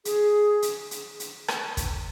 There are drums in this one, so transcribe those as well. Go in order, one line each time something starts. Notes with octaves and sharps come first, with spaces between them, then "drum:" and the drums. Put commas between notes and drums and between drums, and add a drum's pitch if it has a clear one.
G#4, drum: hi-hat
drum: hi-hat
drum: hi-hat
drum: hi-hat
drum: rim click
drum: kick, hi-hat